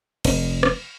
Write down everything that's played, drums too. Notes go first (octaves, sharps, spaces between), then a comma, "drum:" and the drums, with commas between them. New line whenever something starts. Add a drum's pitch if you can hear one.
F1, drum: cymbal
drum: rim click